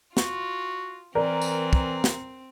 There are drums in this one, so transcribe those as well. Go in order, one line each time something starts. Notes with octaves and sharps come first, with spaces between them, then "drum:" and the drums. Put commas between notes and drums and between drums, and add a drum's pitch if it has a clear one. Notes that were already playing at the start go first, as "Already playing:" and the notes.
F4 F#4, drum: snare
E3 C4 A#4 D5
drum: tambourine
drum: kick
drum: snare